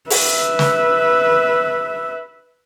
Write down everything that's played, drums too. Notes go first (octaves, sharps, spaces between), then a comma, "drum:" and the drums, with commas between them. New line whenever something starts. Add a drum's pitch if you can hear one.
B4 E5, drum: open hi-hat
drum: snare